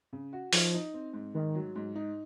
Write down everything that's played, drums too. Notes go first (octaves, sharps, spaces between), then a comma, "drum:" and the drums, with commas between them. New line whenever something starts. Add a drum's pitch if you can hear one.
C#3
F#4
F3 D#4, drum: open hi-hat
D#4
C4
G#2
G#2 D#3
F#3
G#2
D#4